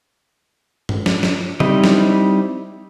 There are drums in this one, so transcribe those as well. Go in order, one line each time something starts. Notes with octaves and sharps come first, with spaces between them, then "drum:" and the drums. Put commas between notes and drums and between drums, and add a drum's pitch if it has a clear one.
drum: tom
drum: snare
drum: snare
G3 C4 D#4 E4 D#5, drum: tom C#3
drum: snare